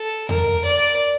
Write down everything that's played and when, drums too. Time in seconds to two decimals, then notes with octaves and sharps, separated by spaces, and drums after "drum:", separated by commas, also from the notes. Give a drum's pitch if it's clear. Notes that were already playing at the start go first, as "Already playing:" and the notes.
Already playing: A4
0.29 A#4, drum: tom E2
0.65 D5